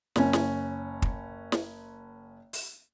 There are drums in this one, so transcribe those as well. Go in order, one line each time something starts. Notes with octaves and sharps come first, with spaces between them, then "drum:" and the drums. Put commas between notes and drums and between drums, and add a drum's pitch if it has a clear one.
F#1 C#4, drum: snare
drum: snare
drum: kick
drum: snare
drum: open hi-hat